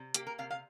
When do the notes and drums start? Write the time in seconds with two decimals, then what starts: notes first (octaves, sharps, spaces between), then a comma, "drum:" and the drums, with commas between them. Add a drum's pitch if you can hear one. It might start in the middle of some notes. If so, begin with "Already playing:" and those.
Already playing: C3
0.14 A#3 G4, drum: hi-hat
0.27 A#4
0.38 C3 F5
0.51 F5